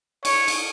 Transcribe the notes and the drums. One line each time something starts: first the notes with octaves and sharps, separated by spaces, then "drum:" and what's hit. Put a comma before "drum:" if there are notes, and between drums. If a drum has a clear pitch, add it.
C#5, drum: cymbal
drum: cymbal